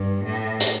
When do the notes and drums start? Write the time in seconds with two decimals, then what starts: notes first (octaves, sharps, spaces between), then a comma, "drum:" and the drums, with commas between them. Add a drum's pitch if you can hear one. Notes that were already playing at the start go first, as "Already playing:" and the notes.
Already playing: G2
0.24 A2
0.60 drum: hi-hat